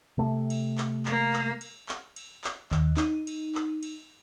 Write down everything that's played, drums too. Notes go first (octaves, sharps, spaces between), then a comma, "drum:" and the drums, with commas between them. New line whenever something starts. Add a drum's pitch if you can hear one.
C3 A3
drum: cymbal
drum: clap
A#3, drum: clap
drum: clap
drum: cymbal
drum: clap
drum: cymbal
drum: clap
D#2, drum: clap
D#4, drum: clap
drum: cymbal
drum: clap
drum: cymbal